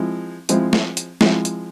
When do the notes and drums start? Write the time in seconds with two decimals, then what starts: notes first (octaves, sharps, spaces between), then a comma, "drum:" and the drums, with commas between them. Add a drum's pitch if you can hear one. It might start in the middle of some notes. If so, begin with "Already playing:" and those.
Already playing: F3 G#3 C4 E4
0.49 F3 G#3 C4 E4, drum: hi-hat
0.73 drum: snare
0.97 drum: hi-hat
1.21 F3 G#3 C4 E4, drum: snare
1.45 drum: hi-hat